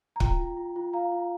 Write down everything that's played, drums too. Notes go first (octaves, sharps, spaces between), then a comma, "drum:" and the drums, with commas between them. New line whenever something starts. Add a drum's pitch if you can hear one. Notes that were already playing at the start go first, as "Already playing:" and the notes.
A#5
F4 G5, drum: kick
F4
F4
F4
F4 F5 A#5
F4